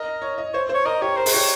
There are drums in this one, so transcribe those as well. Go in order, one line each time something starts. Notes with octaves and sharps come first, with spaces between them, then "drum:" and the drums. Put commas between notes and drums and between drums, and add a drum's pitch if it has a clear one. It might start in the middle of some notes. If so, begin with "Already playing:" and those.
Already playing: A#4 D#5
C#5
D#5
C5 C#5
C5
C#5
A#4 D#5
G4 C#5
A#4 C5
G#4, drum: open hi-hat
G4 C#5